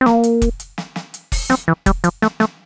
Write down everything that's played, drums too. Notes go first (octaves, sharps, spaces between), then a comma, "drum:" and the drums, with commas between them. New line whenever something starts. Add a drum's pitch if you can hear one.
C4
A#3, drum: snare
drum: hi-hat
drum: kick, hi-hat
drum: hi-hat
drum: snare
drum: snare
drum: hi-hat
drum: kick, open hi-hat
C4, drum: snare
E3
G3, drum: kick, hi-hat
F3, drum: hi-hat
A3, drum: snare
A3, drum: snare